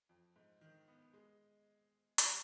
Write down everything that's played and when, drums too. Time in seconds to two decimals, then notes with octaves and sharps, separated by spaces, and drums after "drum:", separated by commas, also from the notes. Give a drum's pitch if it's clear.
0.09 F2
0.36 G#2
0.61 D#3
0.88 B3
1.13 G#3
2.18 G3, drum: hi-hat